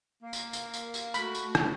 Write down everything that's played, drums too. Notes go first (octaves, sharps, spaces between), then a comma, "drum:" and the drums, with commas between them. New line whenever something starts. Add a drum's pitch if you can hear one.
A#3
drum: tambourine
drum: tambourine
drum: tambourine
drum: tambourine
A3 F#4 B5, drum: tambourine
drum: tambourine
drum: rim click